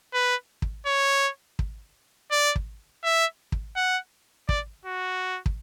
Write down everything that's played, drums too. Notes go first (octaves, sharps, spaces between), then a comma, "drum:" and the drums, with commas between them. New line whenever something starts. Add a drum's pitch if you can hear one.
B4
drum: kick
C#5
drum: kick
D5
drum: kick
E5
drum: kick
F#5
D5, drum: kick
F#4
drum: kick